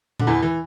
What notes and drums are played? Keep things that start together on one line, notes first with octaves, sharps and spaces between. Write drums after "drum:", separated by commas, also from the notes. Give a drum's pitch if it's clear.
D3, drum: tom A#2
E2 E3
E3